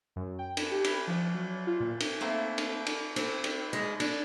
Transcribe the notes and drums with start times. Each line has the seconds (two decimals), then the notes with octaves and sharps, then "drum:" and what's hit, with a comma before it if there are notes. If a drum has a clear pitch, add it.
0.16 F#2
0.39 G5
0.57 E7, drum: cymbal
0.71 G4
0.84 B5, drum: cymbal
1.07 F3
1.34 F#3
1.67 F4
1.80 A#2
2.00 drum: cymbal
2.20 A3 A#3 C4 A#4 E5 G5
2.58 drum: cymbal
2.86 drum: cymbal
3.16 C4, drum: cymbal
3.44 drum: cymbal
3.73 G#3
4.00 D4, drum: cymbal